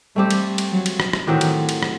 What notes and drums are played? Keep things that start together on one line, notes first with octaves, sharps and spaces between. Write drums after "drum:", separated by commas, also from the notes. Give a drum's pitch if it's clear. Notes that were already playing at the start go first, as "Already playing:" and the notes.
G3 A3 C4 G4
drum: cymbal
drum: cymbal
F#3
drum: cymbal
drum: rim click
drum: rim click
A2 D#3 F#3 C4 G4
drum: cymbal
drum: cymbal
drum: rim click